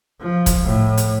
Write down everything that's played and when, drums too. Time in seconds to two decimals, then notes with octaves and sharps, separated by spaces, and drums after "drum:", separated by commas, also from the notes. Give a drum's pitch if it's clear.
0.21 F3
0.46 drum: kick, hi-hat
0.64 A2
0.97 drum: hi-hat